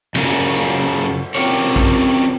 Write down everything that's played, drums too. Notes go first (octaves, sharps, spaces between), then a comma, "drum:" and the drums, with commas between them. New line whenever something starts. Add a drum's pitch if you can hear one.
F#2 C#3 C#4 F4 A#4, drum: cymbal
drum: hi-hat
C4 C#4 F4 G4 A#4 C#5, drum: hi-hat
drum: kick